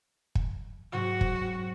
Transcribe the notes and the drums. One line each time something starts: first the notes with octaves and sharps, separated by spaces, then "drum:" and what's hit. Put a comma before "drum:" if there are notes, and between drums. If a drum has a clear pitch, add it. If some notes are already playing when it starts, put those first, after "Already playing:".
drum: kick
G#2 C3 F#3 F#4
drum: kick